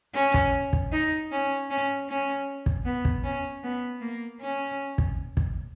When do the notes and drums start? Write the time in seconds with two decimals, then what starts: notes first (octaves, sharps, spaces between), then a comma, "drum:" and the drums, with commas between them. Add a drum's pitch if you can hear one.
0.14 C#4
0.34 drum: kick
0.73 drum: kick
0.92 D#4
1.31 C#4
1.70 C#4
2.09 C#4
2.66 drum: kick
2.85 B3
3.05 drum: kick
3.24 C#4
3.63 B3
4.01 A#3
4.41 C#4
4.98 drum: kick
5.37 drum: kick